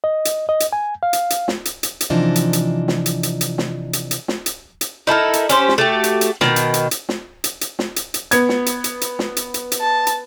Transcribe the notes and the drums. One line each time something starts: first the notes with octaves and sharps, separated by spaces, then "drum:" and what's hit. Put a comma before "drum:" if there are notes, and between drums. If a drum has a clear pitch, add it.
D#5
drum: hi-hat
D#5
drum: hi-hat
G#5
F5
drum: hi-hat
drum: hi-hat
drum: snare
drum: hi-hat
drum: hi-hat
drum: hi-hat
C3 E3 F3 D4 D#4 D#5
drum: hi-hat
drum: hi-hat
drum: snare
drum: hi-hat
drum: hi-hat
drum: hi-hat
drum: snare
drum: hi-hat
drum: hi-hat
drum: snare
drum: hi-hat
drum: hi-hat
D#4 E4 A4 A#4
drum: hi-hat
C#4 G4 C5, drum: hi-hat
drum: snare
A3 F#4 G4
drum: hi-hat
drum: hi-hat
B2 D#3, drum: snare
drum: hi-hat
drum: hi-hat
drum: hi-hat
drum: snare
drum: hi-hat
drum: hi-hat
drum: snare
drum: hi-hat
drum: hi-hat
B3 G#6, drum: hi-hat
drum: snare
drum: hi-hat
drum: hi-hat
drum: hi-hat
drum: snare
drum: hi-hat
drum: hi-hat
drum: hi-hat
A5
drum: hi-hat